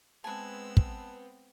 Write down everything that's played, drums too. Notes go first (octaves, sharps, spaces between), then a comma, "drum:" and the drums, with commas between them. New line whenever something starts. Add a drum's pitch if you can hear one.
G#3 B3 C4 B4 G#5 A5 E6
drum: kick